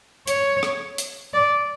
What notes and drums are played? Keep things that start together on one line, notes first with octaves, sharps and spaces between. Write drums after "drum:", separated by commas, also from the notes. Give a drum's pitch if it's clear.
C#5, drum: hi-hat
drum: rim click
drum: hi-hat
D5